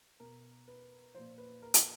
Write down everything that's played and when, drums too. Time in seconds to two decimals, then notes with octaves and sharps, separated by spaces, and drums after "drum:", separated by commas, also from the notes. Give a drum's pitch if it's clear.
0.20 B2 A#4
0.68 B4
1.15 A#2 F3 C5
1.38 B4
1.62 A#4
1.74 drum: hi-hat